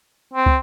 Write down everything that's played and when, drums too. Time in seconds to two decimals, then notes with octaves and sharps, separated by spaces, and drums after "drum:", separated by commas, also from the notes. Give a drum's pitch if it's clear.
0.34 C4
0.46 drum: kick